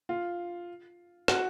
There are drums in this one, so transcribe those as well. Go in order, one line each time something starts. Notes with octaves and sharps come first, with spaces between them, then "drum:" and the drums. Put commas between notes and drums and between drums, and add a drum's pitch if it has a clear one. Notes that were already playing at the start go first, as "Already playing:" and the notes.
F4
F#4, drum: rim click